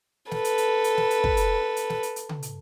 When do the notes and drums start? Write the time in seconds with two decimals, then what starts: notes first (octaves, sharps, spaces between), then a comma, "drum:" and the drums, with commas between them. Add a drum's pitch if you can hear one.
0.31 A4 B4, drum: snare
0.44 drum: hi-hat
0.58 drum: hi-hat
0.84 drum: hi-hat
0.97 drum: snare
1.10 drum: hi-hat
1.24 drum: kick
1.37 drum: hi-hat
1.76 drum: hi-hat
1.90 drum: snare
2.03 drum: hi-hat
2.16 drum: hi-hat
2.29 drum: tom C#3
2.42 drum: hi-hat